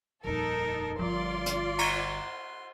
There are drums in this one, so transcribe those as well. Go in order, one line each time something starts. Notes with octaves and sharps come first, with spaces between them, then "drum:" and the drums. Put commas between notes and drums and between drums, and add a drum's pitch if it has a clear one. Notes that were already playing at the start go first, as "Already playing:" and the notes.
D#1 F2 D#4 A4 A#4
G1 D3 F3 F4 D5 C6
drum: hi-hat
A#5 C#6 G#6, drum: cymbal